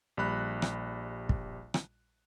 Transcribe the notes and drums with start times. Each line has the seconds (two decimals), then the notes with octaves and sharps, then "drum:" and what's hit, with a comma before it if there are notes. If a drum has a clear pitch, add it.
0.17 A#1 G3 B5 F#6
0.62 drum: rim click
1.29 drum: kick
1.74 drum: rim click